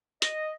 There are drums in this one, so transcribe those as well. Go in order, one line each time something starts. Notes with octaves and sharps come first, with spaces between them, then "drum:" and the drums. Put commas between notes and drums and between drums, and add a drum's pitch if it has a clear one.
D#5, drum: hi-hat